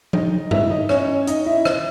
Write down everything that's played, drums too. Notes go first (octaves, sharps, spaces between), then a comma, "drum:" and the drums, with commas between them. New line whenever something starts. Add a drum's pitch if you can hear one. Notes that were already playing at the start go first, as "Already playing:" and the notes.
D#4 D#5, drum: tom F3
E4 E5, drum: tom G2
D#4 D#5
C#4 C#5, drum: rim click
D#4 D#5, drum: hi-hat
E4 E5
drum: rim click